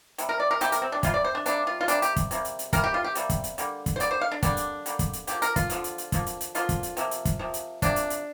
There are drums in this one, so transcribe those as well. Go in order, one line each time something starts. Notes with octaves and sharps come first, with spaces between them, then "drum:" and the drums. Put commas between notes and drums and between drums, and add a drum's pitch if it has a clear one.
C3 G3, drum: hi-hat
A#4
D5
A#4
C3 G3 A#3 G4, drum: hi-hat
A#4, drum: hi-hat
C4
D4
C3 G3 A#3 F4, drum: kick, hi-hat
D5
C5
D4
C3 G3 A#3 D4, drum: hi-hat
F4
F4
C3 G3 A#3 D4, drum: hi-hat
G4, drum: hi-hat
drum: kick, hi-hat
C3 G3 A#3, drum: hi-hat
drum: hi-hat
drum: hi-hat
C3 G3 A#3 A#4, drum: kick, hi-hat
G4
F4
G4
C3 G3 A#3, drum: hi-hat
drum: kick, hi-hat
drum: hi-hat
D3 G3 A#3, drum: hi-hat
drum: kick, hi-hat
C5
D3 G3 A#3 D5, drum: hi-hat
C5
F5
D4
D3 G3 A#3 D4, drum: kick, hi-hat
drum: hi-hat
D3 G3 A#3, drum: hi-hat
drum: kick, hi-hat
drum: hi-hat
D3 F3 A#3 G4, drum: hi-hat
A#4, drum: hi-hat
F4, drum: kick, hi-hat
D3 F3 A#3, drum: hi-hat
drum: hi-hat
drum: hi-hat
D3 F3 A#3, drum: kick, hi-hat
drum: hi-hat
drum: hi-hat
D3 F3 A#3 F4, drum: hi-hat
drum: kick, hi-hat
drum: hi-hat
C3 F3 A#3, drum: hi-hat
drum: hi-hat
drum: kick, hi-hat
C3 F3 A#3
drum: hi-hat
C3 F3 A#3 D4, drum: kick, hi-hat
drum: hi-hat
drum: hi-hat